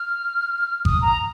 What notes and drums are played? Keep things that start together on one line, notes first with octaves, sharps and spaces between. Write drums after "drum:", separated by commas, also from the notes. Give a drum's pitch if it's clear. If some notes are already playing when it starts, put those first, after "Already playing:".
Already playing: F6
D#6, drum: kick G#1
A#5